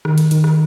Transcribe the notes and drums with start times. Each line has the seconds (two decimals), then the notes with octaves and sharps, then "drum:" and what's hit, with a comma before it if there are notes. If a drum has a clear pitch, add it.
0.05 D#3, drum: rim click
0.18 drum: hi-hat
0.31 D#3, drum: hi-hat
0.44 drum: rim click